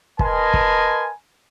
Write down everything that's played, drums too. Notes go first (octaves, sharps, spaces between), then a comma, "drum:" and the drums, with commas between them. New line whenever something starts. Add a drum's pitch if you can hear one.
A#4 B4 D#5 G#5 A5 C6, drum: kick
drum: kick